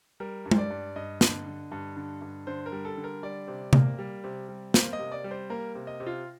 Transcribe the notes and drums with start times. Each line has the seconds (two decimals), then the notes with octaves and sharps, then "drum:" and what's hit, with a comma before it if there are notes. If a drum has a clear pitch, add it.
0.20 G3 A#4
0.46 G2
0.51 C5, drum: tom G#3
0.58 D5
0.70 G2
0.96 G2 D#5
1.21 D3, drum: snare
1.46 D3
1.72 G2
1.97 D3
2.22 G2
2.47 D3 C5
2.66 A#4
2.72 G3
2.85 A4
2.98 D3
3.04 A#4
3.23 G3 D5
3.48 C3
3.73 A#3, drum: tom C3
3.99 G3
4.24 C3
4.49 G3
4.74 A#3 C5, drum: snare
4.93 D#5
4.99 C3
5.12 D5
5.24 G3
5.31 C5
5.50 A#3 A#4
5.75 C3
5.87 D#5
6.00 C3
6.06 F4